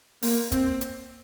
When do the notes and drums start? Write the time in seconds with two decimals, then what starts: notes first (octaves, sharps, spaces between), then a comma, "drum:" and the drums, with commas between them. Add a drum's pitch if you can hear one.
0.22 A#3, drum: open hi-hat
0.52 C4, drum: kick, hi-hat
0.81 drum: hi-hat